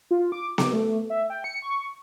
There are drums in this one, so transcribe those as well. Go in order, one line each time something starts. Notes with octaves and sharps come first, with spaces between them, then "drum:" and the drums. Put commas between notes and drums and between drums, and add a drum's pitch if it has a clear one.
F4
D6
D6, drum: snare B3
A3
E5
G5
C#7
C#6